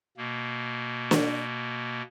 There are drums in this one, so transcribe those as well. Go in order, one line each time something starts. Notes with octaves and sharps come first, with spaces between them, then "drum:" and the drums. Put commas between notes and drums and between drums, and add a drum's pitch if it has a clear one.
B2 A#3
drum: snare